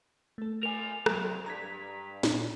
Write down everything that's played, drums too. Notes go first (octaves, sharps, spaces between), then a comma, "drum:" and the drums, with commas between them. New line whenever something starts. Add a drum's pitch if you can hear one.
A3 A4
A#4 G#5 F7
C2 F#3, drum: rim click
G2 A#5 G#6 B6
A#2, drum: snare